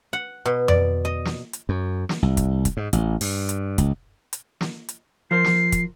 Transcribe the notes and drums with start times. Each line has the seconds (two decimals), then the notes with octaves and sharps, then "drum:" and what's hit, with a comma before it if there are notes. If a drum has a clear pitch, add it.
0.13 F#5
0.45 B2
0.68 D5, drum: tom F2
1.05 D#5
1.25 drum: snare
1.53 drum: hi-hat
1.69 F#2
2.09 drum: snare
2.22 C2
2.37 drum: kick, hi-hat
2.65 drum: kick, hi-hat
2.77 G#2
2.93 A1, drum: hi-hat
3.21 G2, drum: open hi-hat
3.49 drum: hi-hat
3.78 C#2, drum: kick, hi-hat
4.33 drum: hi-hat
4.61 drum: snare
4.89 drum: hi-hat
5.31 F3 A#4 C5 C7
5.44 drum: snare
5.72 drum: kick, hi-hat